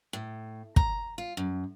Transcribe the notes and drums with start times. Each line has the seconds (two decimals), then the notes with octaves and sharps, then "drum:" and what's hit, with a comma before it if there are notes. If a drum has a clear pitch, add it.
0.13 A2
0.76 A#5, drum: kick
1.18 F4
1.37 F#2